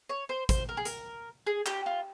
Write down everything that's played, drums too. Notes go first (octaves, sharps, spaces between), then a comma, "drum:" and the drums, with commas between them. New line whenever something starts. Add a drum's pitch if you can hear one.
C#5
C5
C5, drum: kick, hi-hat
A#4
G#4
A#4, drum: hi-hat
G#4
G4, drum: clap
F4